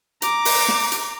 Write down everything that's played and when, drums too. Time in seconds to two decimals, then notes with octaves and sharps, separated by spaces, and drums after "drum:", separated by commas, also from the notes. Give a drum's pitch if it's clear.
0.22 A#5 D6, drum: hi-hat
0.45 drum: open hi-hat
0.68 drum: snare
0.92 drum: hi-hat